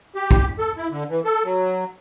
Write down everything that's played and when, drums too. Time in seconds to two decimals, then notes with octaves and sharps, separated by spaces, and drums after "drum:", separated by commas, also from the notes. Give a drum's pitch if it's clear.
0.15 G4
0.31 drum: kick
0.59 A4
0.77 E4
0.91 D3
1.10 E3
1.25 A4
1.45 F#3